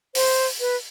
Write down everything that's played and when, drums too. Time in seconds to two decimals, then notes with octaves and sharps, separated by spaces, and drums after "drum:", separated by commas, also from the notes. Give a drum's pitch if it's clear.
0.15 C5, drum: open hi-hat
0.60 B4